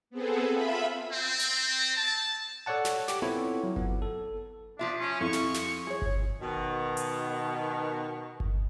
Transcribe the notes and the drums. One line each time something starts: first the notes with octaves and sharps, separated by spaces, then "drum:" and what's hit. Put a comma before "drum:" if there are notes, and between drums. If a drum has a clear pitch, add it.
B3 C4 G#4 A4
F4 E5 B5
C4
drum: hi-hat
A5
A4 C#5 D5 F#5 A5
drum: snare
G4 D6, drum: snare
B3 C4 E4 F4 A4 C#5
F#3
B3, drum: kick G1
A4
F3 D4 F4 E5
C#4
F2 E4 C#6
drum: snare
drum: snare
G#4 C#5
drum: kick G1
B2 D#3
drum: hi-hat
drum: kick G1